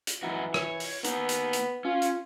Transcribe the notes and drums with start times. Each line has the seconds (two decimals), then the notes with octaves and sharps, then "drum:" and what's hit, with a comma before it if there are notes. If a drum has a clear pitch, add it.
0.07 drum: hi-hat
0.23 F#2 E3 D#4 F#4
0.54 C#5, drum: rim click
0.80 drum: open hi-hat
1.05 A#3 B3 D#4, drum: hi-hat
1.29 drum: hi-hat
1.53 drum: hi-hat
1.85 C#4 F4
2.02 drum: hi-hat